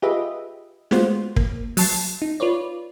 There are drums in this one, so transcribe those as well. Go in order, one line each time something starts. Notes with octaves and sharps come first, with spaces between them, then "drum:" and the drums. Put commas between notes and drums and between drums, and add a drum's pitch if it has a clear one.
F4 G4 G#4 B4 D#5 E5
G#3 A3 B3 F4 F#4 C5, drum: snare
A#3, drum: kick
F#3 A5 C7, drum: open hi-hat
D#4
F4 B4 C#5 D5